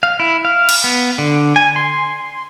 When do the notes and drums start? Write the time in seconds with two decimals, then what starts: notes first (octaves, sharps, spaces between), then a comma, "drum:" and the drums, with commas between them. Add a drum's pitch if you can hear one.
0.03 F5
0.20 E4
0.45 F5
0.69 drum: cymbal
0.84 B3
1.18 D3
1.56 G#5
1.76 C6